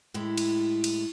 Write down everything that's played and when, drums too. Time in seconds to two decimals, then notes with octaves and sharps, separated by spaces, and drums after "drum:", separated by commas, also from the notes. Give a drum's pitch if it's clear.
0.14 A2 G#3 E4 G4
0.38 drum: cymbal
0.84 drum: cymbal